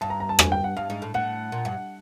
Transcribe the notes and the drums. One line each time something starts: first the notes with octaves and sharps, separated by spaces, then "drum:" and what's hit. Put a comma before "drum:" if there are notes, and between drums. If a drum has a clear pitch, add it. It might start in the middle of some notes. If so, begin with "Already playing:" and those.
G2 A5
A#5
A#5
A5
G#5, drum: rim click
G5
F#5
G2 F5
G#2
A2
A2 F#5
A#2
G2